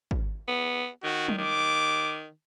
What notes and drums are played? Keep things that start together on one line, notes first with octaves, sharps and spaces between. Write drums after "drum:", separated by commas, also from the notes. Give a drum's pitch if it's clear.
drum: kick
B3
D#3 F#4
drum: tom F#3
D#3 D6